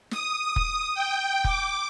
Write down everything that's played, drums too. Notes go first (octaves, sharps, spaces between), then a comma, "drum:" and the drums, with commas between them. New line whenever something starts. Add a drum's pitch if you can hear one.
D#6, drum: snare
drum: kick
G5
D6, drum: kick